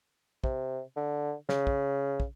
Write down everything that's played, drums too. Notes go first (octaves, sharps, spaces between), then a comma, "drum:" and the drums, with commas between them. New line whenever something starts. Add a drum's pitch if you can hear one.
C3, drum: kick
D3
C#3, drum: snare
drum: kick
drum: kick